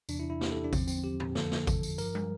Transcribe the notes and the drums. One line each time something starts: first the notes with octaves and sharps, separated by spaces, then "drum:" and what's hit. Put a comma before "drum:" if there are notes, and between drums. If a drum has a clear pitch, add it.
E2 C3 E3 D4, drum: tambourine
E4
E4
G4, drum: snare
A4
D4
E2 D3 F3 C4, drum: kick G#1, tambourine
C4, drum: tambourine
G4
drum: tom A2
F2 D3 F3 A4, drum: snare
drum: snare
drum: kick G#1, tambourine
drum: tambourine
G2 F3 A#4, drum: tambourine
drum: tom